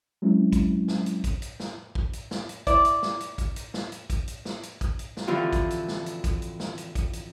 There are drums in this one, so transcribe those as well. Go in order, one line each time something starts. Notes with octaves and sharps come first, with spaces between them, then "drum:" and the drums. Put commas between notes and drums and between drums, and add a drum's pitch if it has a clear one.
F#3 G#3 C4 C#4 E4
drum: kick, hi-hat
drum: snare
drum: hi-hat
drum: kick, hi-hat
drum: hi-hat
drum: snare
drum: kick
drum: hi-hat
drum: snare
drum: hi-hat
E4 D5, drum: kick, hi-hat
drum: hi-hat
drum: snare
drum: hi-hat
drum: kick, hi-hat
drum: hi-hat
drum: snare
drum: hi-hat
drum: kick, hi-hat
drum: hi-hat
drum: snare
drum: hi-hat
drum: kick, hi-hat
drum: hi-hat
drum: snare
D3 E3 F3 C4 F4 F#4
drum: kick, hi-hat
drum: hi-hat
drum: snare
drum: hi-hat
drum: kick, hi-hat
drum: hi-hat
drum: snare
drum: hi-hat
drum: kick, hi-hat
drum: hi-hat